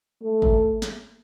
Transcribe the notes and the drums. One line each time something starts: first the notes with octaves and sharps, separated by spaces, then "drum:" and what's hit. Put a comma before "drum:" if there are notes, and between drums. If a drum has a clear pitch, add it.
A3
drum: kick
drum: snare